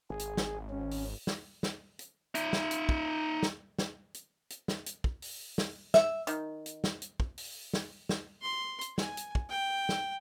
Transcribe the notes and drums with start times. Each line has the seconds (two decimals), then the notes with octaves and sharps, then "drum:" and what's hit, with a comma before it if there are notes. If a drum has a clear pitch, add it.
0.10 G#1 G#4
0.19 drum: hi-hat
0.37 drum: snare
0.70 C#4
0.91 drum: open hi-hat
1.27 drum: snare
1.63 drum: snare
1.99 drum: hi-hat
2.35 D#4 E5, drum: hi-hat
2.53 drum: snare
2.71 drum: hi-hat
2.89 drum: kick
3.43 drum: snare
3.79 drum: snare
4.14 drum: hi-hat
4.50 drum: hi-hat
4.68 drum: snare
4.86 drum: hi-hat
5.04 drum: kick
5.22 drum: open hi-hat
5.58 drum: snare
5.94 E5, drum: snare
6.27 D#3, drum: hi-hat
6.66 drum: hi-hat
6.84 drum: snare
7.02 drum: hi-hat
7.20 drum: kick
7.38 drum: open hi-hat
7.74 drum: snare
8.09 drum: snare
8.42 C6
8.81 drum: hi-hat
8.98 G#5, drum: snare
9.17 drum: hi-hat
9.35 drum: kick
9.50 G5
9.89 drum: snare